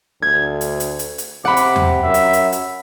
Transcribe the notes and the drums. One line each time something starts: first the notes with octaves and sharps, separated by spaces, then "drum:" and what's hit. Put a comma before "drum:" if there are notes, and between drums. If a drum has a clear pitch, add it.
D2 G#6
drum: hi-hat
drum: hi-hat
drum: hi-hat
drum: hi-hat
C3 F#5 B5 D6
drum: hi-hat
drum: tom E2
F#2 E5
drum: hi-hat
drum: hi-hat
drum: hi-hat